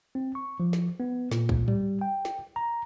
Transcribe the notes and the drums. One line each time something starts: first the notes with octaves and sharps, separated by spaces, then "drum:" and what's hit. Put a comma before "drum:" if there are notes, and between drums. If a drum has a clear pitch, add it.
C4
C#6
F3
drum: snare
B3
A#2, drum: snare
drum: kick
G3, drum: tom G#2
G5
drum: snare
A#5